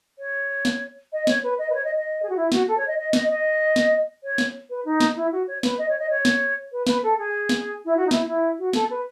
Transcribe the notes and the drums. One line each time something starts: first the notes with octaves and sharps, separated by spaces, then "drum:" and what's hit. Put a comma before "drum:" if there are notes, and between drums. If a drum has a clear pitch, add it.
C#5
drum: snare
D#5
C#5, drum: snare
B4
D#5
B4
C#5
D#5
D#5
G#4
F#4
E4
F#4, drum: snare
A4
C#5
D#5
D#5
D#5, drum: snare
D#5
drum: snare
C#5
drum: snare
B4
D#4
drum: snare
E4
F#4
C#5
B4, drum: snare
D#5
C#5
D#5
C#5
drum: snare
B4
B4, drum: snare
A4
G#4
drum: snare
E4
F#4
D#4
E4, drum: snare
E4
F#4
A4, drum: snare
B4